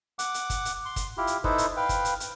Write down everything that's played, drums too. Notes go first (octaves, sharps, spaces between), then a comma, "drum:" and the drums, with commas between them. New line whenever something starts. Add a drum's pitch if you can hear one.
F#5 D6, drum: hi-hat
drum: hi-hat
drum: kick, hi-hat
drum: hi-hat
C6
drum: kick, hi-hat
E4 F4 G4
drum: hi-hat
D#4 E4 A4 B4 C5, drum: kick
drum: hi-hat
B4 F5 G5
drum: kick, hi-hat
drum: hi-hat
drum: hi-hat